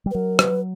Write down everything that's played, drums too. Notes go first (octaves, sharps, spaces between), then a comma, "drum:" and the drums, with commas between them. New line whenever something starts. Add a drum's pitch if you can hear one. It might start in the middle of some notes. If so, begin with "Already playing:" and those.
G3
B4
F#3 A#4
B4, drum: rim click